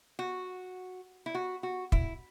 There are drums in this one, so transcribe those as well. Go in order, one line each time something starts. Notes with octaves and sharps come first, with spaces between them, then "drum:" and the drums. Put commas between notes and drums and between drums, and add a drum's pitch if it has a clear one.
F#4
E4
F#4
F#4
E4, drum: kick